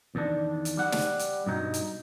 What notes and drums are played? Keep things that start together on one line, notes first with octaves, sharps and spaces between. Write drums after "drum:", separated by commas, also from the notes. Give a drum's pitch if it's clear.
E2 D#3 D4
drum: hi-hat
G3 F#5
drum: snare
drum: hi-hat
G2 B2 D#4
drum: hi-hat